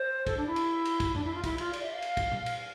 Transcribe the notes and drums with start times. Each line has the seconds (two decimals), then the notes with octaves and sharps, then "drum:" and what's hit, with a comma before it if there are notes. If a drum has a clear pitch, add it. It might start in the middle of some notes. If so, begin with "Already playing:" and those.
Already playing: C5
0.27 A4, drum: kick, cymbal
0.37 D4
0.47 E4
0.56 drum: cymbal
0.85 drum: cymbal
1.00 drum: kick, cymbal
1.15 D4, drum: tom F2
1.24 E4
1.34 F4
1.44 E4, drum: kick, cymbal
1.58 F4, drum: cymbal
1.73 D5, drum: cymbal
1.83 E5
1.93 F5
2.02 drum: cymbal
2.17 drum: kick, cymbal
2.32 drum: tom A#2
2.46 drum: cymbal